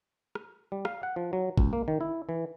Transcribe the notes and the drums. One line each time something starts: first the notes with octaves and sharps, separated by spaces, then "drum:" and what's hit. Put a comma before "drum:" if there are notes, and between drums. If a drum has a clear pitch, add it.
drum: rim click
G3
F5, drum: rim click
F#5
F3
F#3
C#2, drum: kick G#1
A#3
D#3
E4
E3